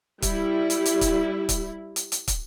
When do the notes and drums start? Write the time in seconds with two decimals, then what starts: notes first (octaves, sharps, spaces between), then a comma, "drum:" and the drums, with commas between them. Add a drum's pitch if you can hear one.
0.22 G3 E4, drum: kick, hi-hat
0.70 drum: hi-hat
0.86 drum: hi-hat
1.01 drum: kick, hi-hat
1.49 drum: kick, hi-hat
1.96 drum: hi-hat
2.12 drum: hi-hat
2.28 drum: kick, hi-hat